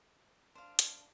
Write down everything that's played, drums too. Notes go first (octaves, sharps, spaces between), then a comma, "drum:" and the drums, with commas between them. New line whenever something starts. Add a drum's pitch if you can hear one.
D4 C5 F5
drum: hi-hat